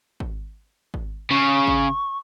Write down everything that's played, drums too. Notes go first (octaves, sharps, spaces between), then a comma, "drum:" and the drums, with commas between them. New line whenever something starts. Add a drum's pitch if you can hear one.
drum: kick G#1
drum: kick G#1
C#3 C#6
drum: kick G#1